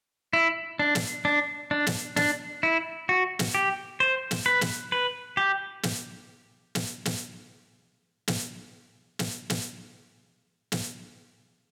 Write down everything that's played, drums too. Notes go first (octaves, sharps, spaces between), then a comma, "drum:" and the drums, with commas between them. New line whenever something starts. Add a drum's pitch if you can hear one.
E4
D4
drum: snare
D4
D4
drum: snare
D4, drum: snare
E4
F#4
drum: snare
G4
C5
drum: snare
B4
drum: snare
B4
G4
drum: snare
drum: snare
drum: snare
drum: snare
drum: snare
drum: snare
drum: snare